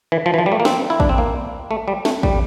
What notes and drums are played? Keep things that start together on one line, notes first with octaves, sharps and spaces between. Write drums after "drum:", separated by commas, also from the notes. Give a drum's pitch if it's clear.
E3
F3
E3
F3
G3
A3
A#3
C4, drum: snare
E4
D4, drum: kick
C4
A#3
A3
G3
A3, drum: snare
G3, drum: kick